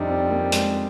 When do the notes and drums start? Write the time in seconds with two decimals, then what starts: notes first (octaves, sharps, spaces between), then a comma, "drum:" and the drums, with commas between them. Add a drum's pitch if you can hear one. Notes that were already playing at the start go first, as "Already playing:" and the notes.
Already playing: F2 C3 G3 D4 D#4
0.09 C4
0.31 A#3
0.52 G#3, drum: hi-hat